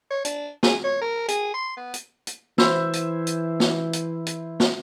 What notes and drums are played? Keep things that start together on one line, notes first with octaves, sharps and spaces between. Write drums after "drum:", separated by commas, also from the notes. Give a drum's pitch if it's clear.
C#5
D4, drum: hi-hat
G#4, drum: snare
C#5
A#4
G#4, drum: hi-hat
C6
B3
drum: hi-hat
drum: hi-hat
E3 E4 C5 E5, drum: snare
drum: hi-hat
drum: hi-hat
drum: snare
drum: hi-hat
drum: hi-hat
drum: snare